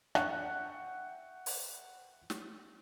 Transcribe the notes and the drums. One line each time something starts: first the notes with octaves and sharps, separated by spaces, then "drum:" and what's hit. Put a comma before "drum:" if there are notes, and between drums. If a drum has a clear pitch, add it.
E5 F#5 G5 C#6 F#6, drum: rim click
drum: open hi-hat
drum: snare